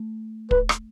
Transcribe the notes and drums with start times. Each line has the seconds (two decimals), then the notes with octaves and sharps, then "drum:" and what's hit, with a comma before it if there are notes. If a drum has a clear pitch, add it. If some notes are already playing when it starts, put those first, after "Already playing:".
Already playing: A3
0.51 B4, drum: kick
0.69 drum: rim click